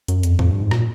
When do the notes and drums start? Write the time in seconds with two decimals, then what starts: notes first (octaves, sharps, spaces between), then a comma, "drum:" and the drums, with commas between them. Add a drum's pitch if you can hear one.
0.08 F#2, drum: hi-hat
0.23 F2, drum: hi-hat
0.39 F2, drum: tom A2
0.51 G2
0.61 G#2
0.71 A#2, drum: rim click